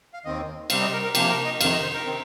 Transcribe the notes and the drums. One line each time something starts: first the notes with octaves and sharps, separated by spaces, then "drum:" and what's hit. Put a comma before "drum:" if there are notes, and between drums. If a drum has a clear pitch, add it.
F5
D#2 D#3 C4 D#5
C3 G3 C4 F5, drum: cymbal
D#5
A#4
A#4
C3 F3 A#3 G4, drum: cymbal
A#4
D#5
F2 C3 D#3 F5, drum: cymbal
D#5
C5
A#4
C3 D#3 C4